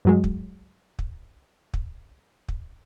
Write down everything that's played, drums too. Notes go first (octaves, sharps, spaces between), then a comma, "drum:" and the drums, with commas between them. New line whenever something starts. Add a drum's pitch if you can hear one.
G2 F#3 G#3
drum: kick
drum: kick
drum: kick
drum: kick